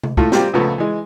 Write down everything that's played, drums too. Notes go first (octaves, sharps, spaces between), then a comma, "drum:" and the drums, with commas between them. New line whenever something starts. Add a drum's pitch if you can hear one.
drum: tom C3
A2 A3 F4, drum: kick
G3 A#3 C4 F4 G4, drum: snare
C#2 A#2 F3 A3 B3
E3 G#3